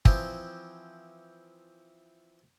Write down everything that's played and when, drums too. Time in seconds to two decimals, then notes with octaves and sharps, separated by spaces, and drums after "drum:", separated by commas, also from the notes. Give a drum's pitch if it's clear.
0.05 E3 F3 C4, drum: kick